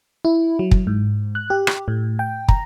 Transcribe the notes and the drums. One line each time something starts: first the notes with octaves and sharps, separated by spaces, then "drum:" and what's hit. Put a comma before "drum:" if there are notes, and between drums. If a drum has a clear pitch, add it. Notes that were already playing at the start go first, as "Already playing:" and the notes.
E4
F#3
drum: kick
G#2
F#6
G4
drum: rim click
A2
G5
A#5, drum: kick